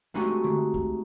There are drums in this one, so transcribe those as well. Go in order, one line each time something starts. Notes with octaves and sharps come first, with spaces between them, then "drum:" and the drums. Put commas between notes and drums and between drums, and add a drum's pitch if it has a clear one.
G#3 A3 C4 D#4 F#4 G4, drum: snare
drum: tom D3
drum: kick